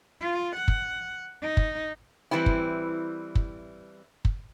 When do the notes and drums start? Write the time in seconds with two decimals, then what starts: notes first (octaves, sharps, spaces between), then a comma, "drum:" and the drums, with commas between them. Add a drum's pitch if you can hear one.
0.21 F4
0.56 F#5
0.68 drum: kick
1.42 D#4
1.57 drum: kick
2.31 E3 G3 C4 E4
2.46 drum: kick
3.35 drum: kick
4.25 drum: kick